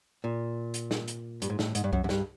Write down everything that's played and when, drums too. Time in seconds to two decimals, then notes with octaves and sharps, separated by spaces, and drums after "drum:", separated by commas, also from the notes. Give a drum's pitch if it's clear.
0.24 A#2
0.74 drum: hi-hat
0.91 drum: snare
1.08 drum: hi-hat
1.42 G2, drum: hi-hat
1.50 G#2
1.59 A2, drum: snare
1.75 G#2, drum: hi-hat
1.84 G2
1.93 F#2, drum: kick C2
2.04 F#2
2.09 G2, drum: snare